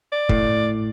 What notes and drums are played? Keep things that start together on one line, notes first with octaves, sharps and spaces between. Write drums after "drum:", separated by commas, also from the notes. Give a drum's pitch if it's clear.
D5
A2, drum: kick